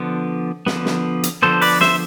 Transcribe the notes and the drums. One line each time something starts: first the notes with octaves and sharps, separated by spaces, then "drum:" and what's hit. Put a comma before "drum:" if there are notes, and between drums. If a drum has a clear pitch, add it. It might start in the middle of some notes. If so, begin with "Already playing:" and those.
Already playing: D3 F3 B3
D3 F3 B3, drum: snare
drum: snare
drum: hi-hat
D3 F3 B3 A4 C5
B4 D5, drum: open hi-hat
C5 E5, drum: snare